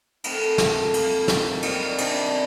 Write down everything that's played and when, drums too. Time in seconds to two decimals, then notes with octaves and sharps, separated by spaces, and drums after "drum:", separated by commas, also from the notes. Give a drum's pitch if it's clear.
0.24 D#3 A3 C4 D#4, drum: cymbal
0.58 A3 C4 F4 A#4, drum: snare
0.94 A#3 F4 A4, drum: cymbal
1.28 D#3 A#3 F4, drum: snare
1.62 D#3 G3 C4, drum: cymbal
1.98 C3 D#3 G3 D4, drum: cymbal